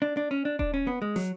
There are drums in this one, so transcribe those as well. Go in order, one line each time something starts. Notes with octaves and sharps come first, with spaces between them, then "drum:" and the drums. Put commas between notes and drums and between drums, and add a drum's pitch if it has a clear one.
D4
D4
C#4
D4
D4, drum: kick D#1
C#4
B3
G#3
F#3, drum: snare